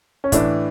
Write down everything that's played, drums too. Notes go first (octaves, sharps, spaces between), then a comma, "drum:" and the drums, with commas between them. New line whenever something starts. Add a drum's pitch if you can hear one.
C#4
A2 E3 D4, drum: kick, hi-hat